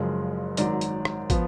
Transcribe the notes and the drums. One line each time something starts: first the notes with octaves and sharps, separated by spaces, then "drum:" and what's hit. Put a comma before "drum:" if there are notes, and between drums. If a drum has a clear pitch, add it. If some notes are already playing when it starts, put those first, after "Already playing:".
Already playing: F#1 F#2 F3 G#3
G#1 G#2 F#3 D5, drum: hi-hat
drum: hi-hat
drum: rim click
F3 B3, drum: kick, hi-hat